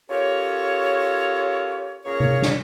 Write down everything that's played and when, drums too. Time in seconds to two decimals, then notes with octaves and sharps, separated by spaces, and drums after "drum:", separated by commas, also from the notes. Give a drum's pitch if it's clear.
0.10 C#4 F4 G4 A4 A#4 C#5
2.05 A#2 C#3 C#4 G#4 A#4 C#5
2.20 drum: tom C3
2.42 drum: snare